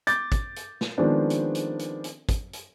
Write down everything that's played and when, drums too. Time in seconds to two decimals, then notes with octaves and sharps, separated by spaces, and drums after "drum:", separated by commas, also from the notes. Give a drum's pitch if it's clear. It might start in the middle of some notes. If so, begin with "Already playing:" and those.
0.07 D6 G6 A6, drum: hi-hat
0.32 drum: kick, hi-hat
0.56 drum: hi-hat
0.81 drum: snare
0.98 D#3 F3 G#3 B3 C4 D4
1.30 drum: hi-hat
1.55 drum: hi-hat
1.79 drum: hi-hat
2.04 drum: hi-hat
2.29 drum: kick, hi-hat
2.53 drum: hi-hat